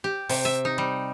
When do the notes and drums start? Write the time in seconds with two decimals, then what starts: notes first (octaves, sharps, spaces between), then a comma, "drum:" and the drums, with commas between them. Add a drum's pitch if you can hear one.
0.04 G4
0.29 C3, drum: open hi-hat
0.45 E5
0.65 D#4
0.78 G3